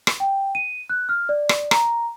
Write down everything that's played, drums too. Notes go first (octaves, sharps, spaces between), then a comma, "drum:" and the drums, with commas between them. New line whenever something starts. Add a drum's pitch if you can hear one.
drum: rim click
G5
D#7
F#6
F6
D5
drum: rim click
A#5, drum: rim click